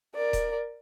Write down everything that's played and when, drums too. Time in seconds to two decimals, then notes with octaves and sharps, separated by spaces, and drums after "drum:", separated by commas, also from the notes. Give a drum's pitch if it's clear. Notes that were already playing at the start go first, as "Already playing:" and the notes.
0.15 A#4 D5
0.33 drum: kick D#1, hi-hat